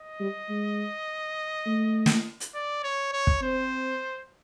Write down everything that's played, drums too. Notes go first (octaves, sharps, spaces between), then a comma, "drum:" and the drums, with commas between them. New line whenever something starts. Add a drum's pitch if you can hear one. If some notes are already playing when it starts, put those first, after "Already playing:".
Already playing: D#5
G3
G#3
A3
drum: snare
drum: hi-hat
D5
C#5
C#5
drum: kick
C4 C5